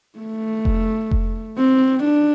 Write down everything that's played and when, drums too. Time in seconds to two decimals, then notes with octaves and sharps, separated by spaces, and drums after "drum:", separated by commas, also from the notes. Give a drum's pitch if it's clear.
0.19 A3
0.65 drum: kick F1
1.11 drum: kick F1
1.58 C4
2.04 D4